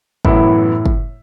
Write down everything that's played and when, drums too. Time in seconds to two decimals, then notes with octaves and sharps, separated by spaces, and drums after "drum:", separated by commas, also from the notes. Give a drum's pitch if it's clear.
0.25 F#2 A2 E3 B3 E4, drum: kick
0.86 drum: kick